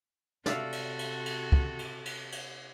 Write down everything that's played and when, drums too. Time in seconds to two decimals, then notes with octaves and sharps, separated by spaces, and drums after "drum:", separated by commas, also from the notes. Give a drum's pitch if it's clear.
0.46 C3 F#4 A4 D5 E5 F5, drum: snare
0.72 drum: cymbal
0.99 drum: cymbal
1.26 drum: cymbal
1.52 drum: kick
1.79 drum: cymbal
2.05 drum: cymbal
2.32 drum: cymbal